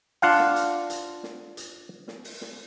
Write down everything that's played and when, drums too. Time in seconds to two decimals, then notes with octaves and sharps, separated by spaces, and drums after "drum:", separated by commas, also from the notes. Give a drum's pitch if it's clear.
0.22 D4 F4 F5 F#5, drum: open hi-hat
0.39 drum: snare
0.56 drum: hi-hat
0.90 drum: hi-hat
1.23 drum: snare
1.57 drum: hi-hat
2.08 drum: snare
2.25 drum: open hi-hat
2.41 drum: snare